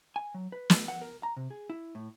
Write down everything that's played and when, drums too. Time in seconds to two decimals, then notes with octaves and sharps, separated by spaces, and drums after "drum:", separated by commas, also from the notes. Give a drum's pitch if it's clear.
0.16 G#5
0.34 F#3
0.52 B4
0.70 A3, drum: snare
0.88 F#5
1.02 A#4
1.23 A#5
1.37 C3
1.51 G#4
1.70 E4
1.95 A2